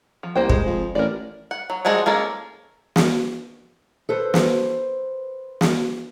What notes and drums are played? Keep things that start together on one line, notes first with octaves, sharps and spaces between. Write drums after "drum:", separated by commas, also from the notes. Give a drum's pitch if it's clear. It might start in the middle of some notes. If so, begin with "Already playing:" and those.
F3
C2 A#3 C5 G5
G#3 C5, drum: kick
F2
A1 A#4 D5
F#5
F#3
F3 G3 G#3 C4 F#4
G#3 A#3 C#4 A4
drum: snare
A4 B4 C5
drum: snare
drum: snare